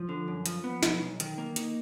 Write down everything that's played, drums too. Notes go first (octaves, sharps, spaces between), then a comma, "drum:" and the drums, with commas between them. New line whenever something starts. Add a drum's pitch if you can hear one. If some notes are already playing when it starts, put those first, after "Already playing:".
Already playing: F3
D3
F#2
F3, drum: hi-hat
B3
B1, drum: snare
B1
D#3, drum: hi-hat
A#3
D#4, drum: hi-hat